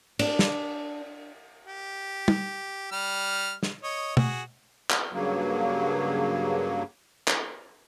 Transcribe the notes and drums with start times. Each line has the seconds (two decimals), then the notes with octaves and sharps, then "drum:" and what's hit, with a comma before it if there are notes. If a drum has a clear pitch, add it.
0.19 D4, drum: cymbal
0.39 drum: snare
1.67 G4
2.28 drum: tom
2.92 G3 F6
3.63 drum: snare
3.83 C#5 D#5
4.17 F#4 G#4, drum: tom B2
4.90 drum: clap
5.13 G2 C#3 F#3 A#3
7.28 drum: clap